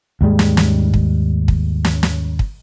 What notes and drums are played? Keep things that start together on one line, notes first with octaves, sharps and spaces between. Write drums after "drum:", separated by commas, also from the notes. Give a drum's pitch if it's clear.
D#2 G#2 G3 G#3
drum: snare
drum: snare
drum: kick
drum: kick
drum: snare
drum: snare
drum: kick